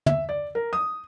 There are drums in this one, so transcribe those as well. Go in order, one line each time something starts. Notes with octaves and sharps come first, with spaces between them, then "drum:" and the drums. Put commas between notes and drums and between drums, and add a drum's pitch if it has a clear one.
E5, drum: tom
D5
A#4
D#6